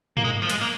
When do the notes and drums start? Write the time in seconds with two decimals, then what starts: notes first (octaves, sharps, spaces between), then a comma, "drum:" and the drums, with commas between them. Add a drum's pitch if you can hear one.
0.17 A#3, drum: tom G2
0.24 G#3
0.42 F3
0.50 G#3, drum: hi-hat
0.61 A#3